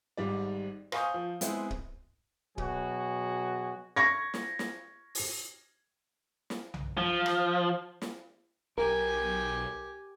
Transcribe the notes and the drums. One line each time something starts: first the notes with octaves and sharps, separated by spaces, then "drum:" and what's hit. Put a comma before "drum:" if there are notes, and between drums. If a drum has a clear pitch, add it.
G#1 G#2 G3 D5
C5 F5 G#5 C#6 D#6 G6, drum: rim click
F3
G#3 B3 C4 E4 G#4, drum: hi-hat
drum: kick
B2 F#3 F#4 G#4, drum: kick
C#6 G#6 A#6
drum: snare
drum: snare
drum: open hi-hat
drum: snare
drum: tom B1
F3
drum: rim click
drum: snare
B1 G4 A#4 G#5